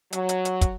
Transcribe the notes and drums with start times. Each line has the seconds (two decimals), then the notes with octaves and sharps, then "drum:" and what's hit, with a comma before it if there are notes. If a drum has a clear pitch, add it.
0.13 F#3, drum: hi-hat
0.29 drum: hi-hat
0.45 drum: hi-hat
0.61 drum: kick, hi-hat